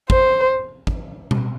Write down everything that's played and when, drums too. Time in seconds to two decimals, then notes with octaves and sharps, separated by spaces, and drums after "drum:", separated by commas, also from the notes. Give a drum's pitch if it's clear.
0.10 C5, drum: kick
0.87 drum: kick
1.31 drum: tom B2